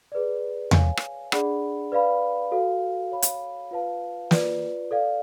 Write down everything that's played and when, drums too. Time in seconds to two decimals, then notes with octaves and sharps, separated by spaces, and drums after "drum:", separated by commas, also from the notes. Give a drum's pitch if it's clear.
0.12 G#4 B4 D5
0.71 C#5 F5 G#5, drum: tom E2
0.97 drum: rim click
1.32 D4 G#4 D5 F#5 B5, drum: rim click
1.92 B4 D5 F5 B5
2.51 F#4 A4 F5
3.12 C#5 F5 B5
3.22 drum: hi-hat
3.71 F4 B4 F5 A5
4.31 F4 B4 D5, drum: snare
4.91 A4 D5 F5